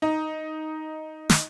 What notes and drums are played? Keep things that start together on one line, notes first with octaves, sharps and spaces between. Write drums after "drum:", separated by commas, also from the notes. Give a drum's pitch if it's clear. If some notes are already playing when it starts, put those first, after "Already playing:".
D#4
drum: snare